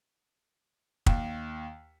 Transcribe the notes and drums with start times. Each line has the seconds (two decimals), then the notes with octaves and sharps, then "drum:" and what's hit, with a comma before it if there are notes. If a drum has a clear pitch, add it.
1.06 D#2, drum: kick